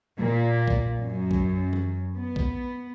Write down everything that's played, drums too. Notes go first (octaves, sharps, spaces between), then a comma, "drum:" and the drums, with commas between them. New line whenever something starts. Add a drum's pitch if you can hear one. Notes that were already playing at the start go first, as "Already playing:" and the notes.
A#2
drum: kick A#1
F#2
drum: kick A#1
drum: tom E3
B3
drum: kick A#1